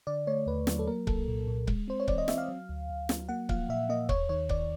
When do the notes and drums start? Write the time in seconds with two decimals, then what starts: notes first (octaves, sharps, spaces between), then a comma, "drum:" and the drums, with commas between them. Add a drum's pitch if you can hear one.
0.07 D3 D5
0.27 A3 C#5
0.46 D#2 B4
0.67 F#3, drum: snare
0.79 A4
0.87 A#3 A#4
1.07 C2 A4, drum: kick C#1
1.28 A#2
1.47 A#2
1.67 G#3, drum: kick C#1
1.88 C4 C5
2.00 C#5
2.08 E3 D5, drum: kick C#1
2.18 D#5
2.28 C4 E5, drum: snare
2.38 F5
2.48 F#3
2.69 D2
2.89 D2
3.09 F#3, drum: snare
3.29 A#3 F#5
3.49 F3 F5, drum: kick C#1
3.69 A#2 E5
3.89 A#3 D#5
4.09 D#2 C#5, drum: kick C#1
4.29 D#3 C#5
4.49 D#3 D5, drum: kick C#1